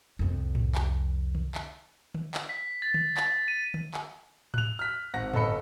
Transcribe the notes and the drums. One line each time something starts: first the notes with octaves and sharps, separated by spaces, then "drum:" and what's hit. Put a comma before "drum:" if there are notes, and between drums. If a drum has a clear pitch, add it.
C2 F2
drum: tom A2
drum: clap
drum: tom D3
drum: clap
drum: tom
drum: clap
B6
A6
drum: tom
A6, drum: clap
D#7
drum: tom
drum: clap
F#6 F7, drum: tom A2
F6 B6
G#1 F#5 A#6
G1 A4 D#5 B5 C#7, drum: tom A2